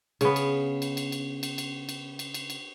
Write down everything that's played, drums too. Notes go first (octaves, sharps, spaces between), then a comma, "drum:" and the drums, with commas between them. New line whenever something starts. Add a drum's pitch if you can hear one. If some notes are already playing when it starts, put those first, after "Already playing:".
C#3 B3, drum: cymbal
drum: cymbal
drum: cymbal
drum: cymbal
drum: cymbal
drum: cymbal
drum: cymbal
drum: cymbal
drum: cymbal
drum: cymbal
drum: cymbal